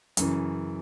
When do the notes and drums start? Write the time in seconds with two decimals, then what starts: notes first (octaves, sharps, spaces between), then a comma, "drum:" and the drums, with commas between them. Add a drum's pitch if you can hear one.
0.17 F#2 C#3 E3, drum: hi-hat